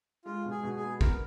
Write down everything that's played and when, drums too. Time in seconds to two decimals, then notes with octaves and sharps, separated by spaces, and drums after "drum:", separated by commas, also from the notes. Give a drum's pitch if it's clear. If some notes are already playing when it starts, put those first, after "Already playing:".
0.25 G#3 F4
0.45 B2
0.51 G#4
0.63 B2
0.76 G#4
0.82 B3
1.01 B3 A#4, drum: kick